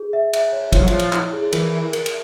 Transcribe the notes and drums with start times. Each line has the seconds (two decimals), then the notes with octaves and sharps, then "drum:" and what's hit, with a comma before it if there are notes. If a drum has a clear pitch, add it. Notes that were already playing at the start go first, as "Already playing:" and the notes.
Already playing: G#4
0.13 E5
0.33 E5, drum: cymbal
0.52 C#5
0.72 F3 C#5, drum: kick, cymbal
0.81 F#3
0.88 F3 C#5, drum: cymbal
0.99 drum: cymbal
1.13 E4, drum: clap
1.33 G#4
1.53 E3 A#4, drum: cymbal
1.73 A#4
1.93 A#4, drum: cymbal
2.06 drum: cymbal